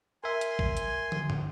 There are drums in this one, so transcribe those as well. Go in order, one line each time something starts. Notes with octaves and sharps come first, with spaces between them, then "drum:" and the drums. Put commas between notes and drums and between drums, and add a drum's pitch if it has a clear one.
A#4 E5 G#5 C6
drum: hi-hat
drum: kick
drum: hi-hat
drum: tom
drum: tom